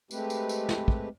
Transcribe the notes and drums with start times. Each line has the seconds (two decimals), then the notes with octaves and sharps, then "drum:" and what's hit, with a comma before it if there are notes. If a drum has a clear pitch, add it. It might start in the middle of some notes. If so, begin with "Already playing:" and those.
0.11 G#3 A3 C4 G4 B4, drum: tambourine
0.30 drum: tambourine
0.49 drum: tambourine
0.69 drum: snare
0.88 drum: kick